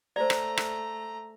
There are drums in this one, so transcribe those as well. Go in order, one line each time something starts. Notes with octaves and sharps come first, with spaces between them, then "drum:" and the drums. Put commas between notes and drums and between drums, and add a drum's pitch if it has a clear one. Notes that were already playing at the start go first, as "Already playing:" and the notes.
A3 C5 D5 A#5
drum: rim click
drum: rim click